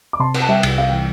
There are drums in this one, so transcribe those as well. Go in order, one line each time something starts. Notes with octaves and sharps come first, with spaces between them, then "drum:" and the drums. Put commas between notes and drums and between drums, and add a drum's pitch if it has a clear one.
D6
C3 A5 C6
C3, drum: cymbal
A5
G3 E5 G5
C2, drum: cymbal
C2 F5
E3 G5